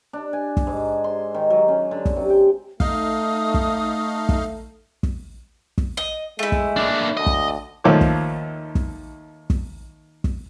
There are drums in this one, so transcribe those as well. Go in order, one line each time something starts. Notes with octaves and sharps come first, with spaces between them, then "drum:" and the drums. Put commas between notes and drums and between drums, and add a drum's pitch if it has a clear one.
D4
G#5
drum: kick
G#2
C6
D#3
F#3
C#4
D3
drum: kick
C3
G5
A3 D#4 F5 D#6, drum: kick
drum: kick
drum: kick
drum: kick
drum: kick
D#5
G#3 A3 E4
drum: kick
A#3 D4
D2 D#5
drum: kick
D#2 F3 A3 A#3 C#5 D6
drum: kick
drum: kick
drum: kick
drum: kick